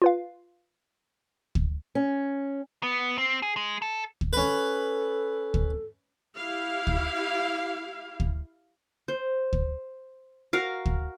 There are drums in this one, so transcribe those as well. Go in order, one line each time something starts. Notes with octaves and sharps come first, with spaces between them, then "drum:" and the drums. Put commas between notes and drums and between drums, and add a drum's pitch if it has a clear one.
F4 B4 F5
drum: kick
C#4
B3
C4
G#4
G#3
A4
drum: kick
C#4 A4 B4
drum: kick
E4 G4 F5
drum: kick
drum: kick
C5
drum: kick
F#4 A#4 F5
drum: kick